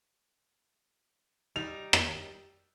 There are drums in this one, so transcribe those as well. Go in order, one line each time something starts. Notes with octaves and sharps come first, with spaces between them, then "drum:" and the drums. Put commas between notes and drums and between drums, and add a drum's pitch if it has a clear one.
G3 D#4 F7
drum: rim click